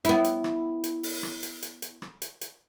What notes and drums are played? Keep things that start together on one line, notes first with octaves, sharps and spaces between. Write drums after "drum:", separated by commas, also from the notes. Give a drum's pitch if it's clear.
B3 E4, drum: hi-hat
drum: hi-hat
drum: rim click
drum: hi-hat
drum: open hi-hat
drum: rim click
drum: hi-hat
drum: hi-hat
drum: hi-hat
drum: rim click
drum: hi-hat
drum: hi-hat